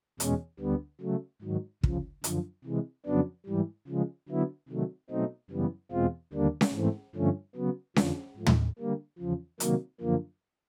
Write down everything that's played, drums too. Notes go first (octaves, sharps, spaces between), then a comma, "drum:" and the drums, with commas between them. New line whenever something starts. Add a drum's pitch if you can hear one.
E2 B2 G#3 C#4, drum: hi-hat
D2 D3 G3 B3
C#3 F#3 A3
G#2 D#3 F#3
D2 C#3 F3, drum: kick
F#2 D3 F3, drum: hi-hat
C3 E3 G#3
F2 C#3 F#3 B3 D4
G#2 E3 G3
C#3 F3 G#3
D3 F#3 B3 E4
C3 D#3 F#3 A3
B2 F#3 A3 C4 D#4
F#2 C#3 E3 G3 B3
E2 B2 G#3 C4 F4
D#2 D3 G3 A#3 D4
drum: snare C#4
G#2 E3 A3 C4
G2 D3 F3 A3 C#4
C#3 F#3 B3
F2 D3 F3, drum: snare C#4
G#2 F3 A3
drum: tom
D3 G3 A#3
E2 C#3 F3
C3 D#3 F#3 A#3, drum: hi-hat
F#2 D3 F3 A#3